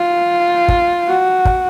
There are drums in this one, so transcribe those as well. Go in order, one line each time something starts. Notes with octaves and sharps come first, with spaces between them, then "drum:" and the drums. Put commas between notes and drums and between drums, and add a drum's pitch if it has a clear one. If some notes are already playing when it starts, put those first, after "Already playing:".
Already playing: F4
drum: kick
F#4
drum: kick